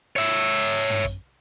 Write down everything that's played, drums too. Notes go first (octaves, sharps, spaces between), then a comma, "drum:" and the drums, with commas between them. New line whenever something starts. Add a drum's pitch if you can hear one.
C#5 E5, drum: hi-hat
drum: hi-hat
drum: hi-hat
drum: open hi-hat
drum: tom
drum: kick, hi-hat